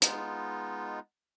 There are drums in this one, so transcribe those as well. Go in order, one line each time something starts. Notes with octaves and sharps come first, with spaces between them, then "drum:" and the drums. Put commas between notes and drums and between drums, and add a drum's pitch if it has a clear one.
G#3 B3 D#4 F4, drum: hi-hat